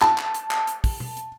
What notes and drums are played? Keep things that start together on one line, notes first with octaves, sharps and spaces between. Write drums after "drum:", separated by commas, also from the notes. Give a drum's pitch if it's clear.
A5, drum: clap
drum: clap
drum: hi-hat
drum: clap
drum: hi-hat
drum: kick, open hi-hat
drum: tom B2
drum: hi-hat